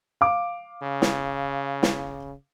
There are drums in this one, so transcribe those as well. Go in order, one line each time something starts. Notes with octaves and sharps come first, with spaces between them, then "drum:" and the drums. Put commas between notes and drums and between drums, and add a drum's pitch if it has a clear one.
F5 D6
C#3
drum: snare
drum: snare